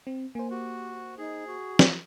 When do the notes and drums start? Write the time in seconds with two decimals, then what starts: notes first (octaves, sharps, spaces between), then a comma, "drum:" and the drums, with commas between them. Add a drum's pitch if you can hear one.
0.07 C4
0.35 A#3 C5 G#5
0.51 F#4 G4
1.18 D#4 G#4
1.47 F#4
1.79 drum: snare